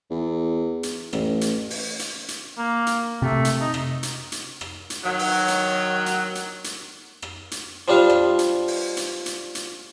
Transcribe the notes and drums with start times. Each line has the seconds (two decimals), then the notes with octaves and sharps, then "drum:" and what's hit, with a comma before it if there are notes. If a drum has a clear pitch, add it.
0.10 E2
0.83 drum: hi-hat
1.13 A1, drum: rim click
1.41 drum: hi-hat
1.70 drum: open hi-hat
1.99 drum: hi-hat
2.28 drum: hi-hat
2.57 A#3
2.87 drum: hi-hat
3.22 C3 A3
3.45 drum: hi-hat
3.61 D#4
3.74 drum: rim click
4.03 drum: hi-hat
4.32 drum: hi-hat
4.61 drum: rim click
4.90 drum: hi-hat
5.04 D#3 F#3
5.19 drum: open hi-hat
5.48 drum: hi-hat
6.06 drum: hi-hat
6.35 drum: hi-hat
6.64 drum: hi-hat
7.22 drum: rim click
7.51 drum: hi-hat
7.88 F3 G3 D4 F5
8.10 drum: rim click
8.39 drum: hi-hat
8.68 drum: open hi-hat
8.97 drum: hi-hat
9.26 drum: hi-hat
9.55 drum: hi-hat